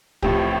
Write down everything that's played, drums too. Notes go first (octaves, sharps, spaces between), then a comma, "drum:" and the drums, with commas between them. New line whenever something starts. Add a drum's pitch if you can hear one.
A1 A2 F3 C4 G4, drum: kick